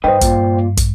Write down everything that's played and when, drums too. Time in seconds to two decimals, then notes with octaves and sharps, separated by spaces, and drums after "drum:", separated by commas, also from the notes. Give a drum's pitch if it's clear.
0.04 G2 D#4 B4 C5 D#5 G5
0.21 A#2 F4, drum: kick, hi-hat
0.77 drum: kick, hi-hat